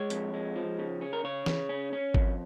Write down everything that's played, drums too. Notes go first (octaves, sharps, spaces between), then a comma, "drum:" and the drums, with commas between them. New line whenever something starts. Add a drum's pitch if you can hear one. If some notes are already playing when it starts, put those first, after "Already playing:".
Already playing: G#3 C#5
F2, drum: hi-hat
G#3
F3
C#3
C#4
A#4
C#3 C#5
C#3, drum: snare E3
C#4
C#4
F2, drum: kick G#1